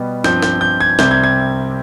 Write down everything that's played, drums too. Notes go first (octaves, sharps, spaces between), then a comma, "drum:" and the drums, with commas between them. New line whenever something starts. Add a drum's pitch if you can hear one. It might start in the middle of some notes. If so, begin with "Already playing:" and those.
Already playing: B2 G3 B3
G2 F3 C4 G6, drum: snare
G6, drum: snare
G6
G#6
C2 C3 G3 C4 G6, drum: snare
G#6
G#6